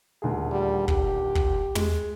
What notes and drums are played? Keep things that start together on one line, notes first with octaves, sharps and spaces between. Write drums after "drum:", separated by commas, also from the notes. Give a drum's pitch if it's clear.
D#1 D2 G#4
G3
G4, drum: kick
drum: kick
G#3, drum: tom